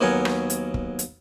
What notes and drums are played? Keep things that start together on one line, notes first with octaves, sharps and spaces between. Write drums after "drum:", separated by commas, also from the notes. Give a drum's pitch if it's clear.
D#2 F#3 B3 A#4 C#5 G#5
drum: rim click
drum: hi-hat
drum: kick
drum: hi-hat